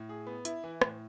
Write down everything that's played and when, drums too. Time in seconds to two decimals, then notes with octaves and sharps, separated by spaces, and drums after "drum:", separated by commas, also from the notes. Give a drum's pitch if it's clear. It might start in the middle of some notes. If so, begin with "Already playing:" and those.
Already playing: A2
0.09 G#4
0.27 B3
0.45 E4, drum: hi-hat
0.64 E3
0.82 A2, drum: rim click